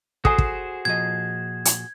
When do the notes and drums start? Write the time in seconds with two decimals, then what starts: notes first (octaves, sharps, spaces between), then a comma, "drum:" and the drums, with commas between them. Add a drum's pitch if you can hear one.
0.25 F#4 G#4 A4 C5 G#5, drum: kick
0.38 drum: kick
0.85 A#2 F3 D#5 G#6
1.65 drum: hi-hat